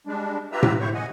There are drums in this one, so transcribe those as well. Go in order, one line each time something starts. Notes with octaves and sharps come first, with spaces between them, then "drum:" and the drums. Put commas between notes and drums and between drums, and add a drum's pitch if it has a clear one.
G3 G#3 D4
F4 G4 B4 E5 A#5 E6
drum: tom A2
E4 C5 C#5 C#6
D#5 F#5 G#5